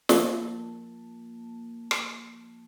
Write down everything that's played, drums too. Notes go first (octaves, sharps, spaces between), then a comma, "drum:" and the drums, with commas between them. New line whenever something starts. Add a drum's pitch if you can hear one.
F3 A#3 A5, drum: snare
drum: rim click